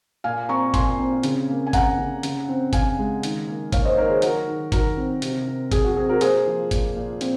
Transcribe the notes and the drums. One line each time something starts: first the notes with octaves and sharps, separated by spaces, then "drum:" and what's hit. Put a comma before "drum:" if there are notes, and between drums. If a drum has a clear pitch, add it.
A#2 F5 G#5
C4 A#5 C#6
A#2 G#5 C6, drum: kick G#1, hi-hat
C4
C#3, drum: hi-hat
A#3
G#5
A#3 F#5 A#5, drum: kick G#1, hi-hat
C#3
C#3, drum: hi-hat
C4
C#3 F5 G#5, drum: kick G#1, hi-hat
G#3
D#3, drum: hi-hat
A#3
A#3 C#5 F5, drum: kick G#1, hi-hat
C5 D#5
D#3 A#4 C#5
G#4 C5
F#3 F#4 A#4, drum: hi-hat
D#3
D#3 F#4 A#4, drum: kick G#1, hi-hat
C4
C3, drum: hi-hat
C4
F#3 G#4, drum: kick G#1, hi-hat
F#4
C4 G#4
F#4 A#4
A#3 G#4 C5, drum: hi-hat
F3
A#2, drum: kick G#1, hi-hat
A#2
C4, drum: hi-hat